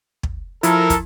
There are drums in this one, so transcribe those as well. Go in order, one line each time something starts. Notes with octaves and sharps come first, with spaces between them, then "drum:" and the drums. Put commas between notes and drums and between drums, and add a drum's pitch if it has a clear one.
drum: kick
F3 E4 A4 A#4, drum: hi-hat
drum: kick, hi-hat